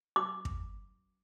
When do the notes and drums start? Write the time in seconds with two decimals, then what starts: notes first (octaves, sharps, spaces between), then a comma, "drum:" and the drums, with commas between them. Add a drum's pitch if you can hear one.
0.16 D6
0.45 drum: kick